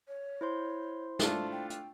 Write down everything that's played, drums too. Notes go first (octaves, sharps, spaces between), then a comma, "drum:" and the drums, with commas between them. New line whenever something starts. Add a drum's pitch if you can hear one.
C#5
E4 C5 C6
A3 D4 F4 A5, drum: snare
G5
G5, drum: hi-hat